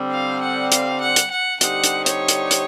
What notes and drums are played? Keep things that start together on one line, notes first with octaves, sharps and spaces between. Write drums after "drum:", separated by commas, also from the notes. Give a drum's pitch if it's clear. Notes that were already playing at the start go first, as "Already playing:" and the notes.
Already playing: D3 G3 C4
F5
F#5
F5, drum: hi-hat
F#5
drum: hi-hat
F#5
D3 G3 C4 D#4 G4 F#5, drum: hi-hat
drum: hi-hat
C#5, drum: hi-hat
drum: hi-hat
drum: hi-hat